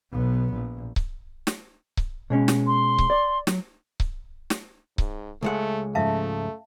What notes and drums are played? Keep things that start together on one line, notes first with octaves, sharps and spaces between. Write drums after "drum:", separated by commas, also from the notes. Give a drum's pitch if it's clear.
B1 B3
A#1
drum: kick C#1
drum: snare
drum: kick C#1
B2 G#3 C#4
drum: snare
C6
drum: kick C#1
D5
F#3, drum: snare
drum: kick C#1
drum: snare
G#2, drum: kick C#1
C#2 G#3 A3 F#5
G#2 C#3 F3 A3 E5 F5 A5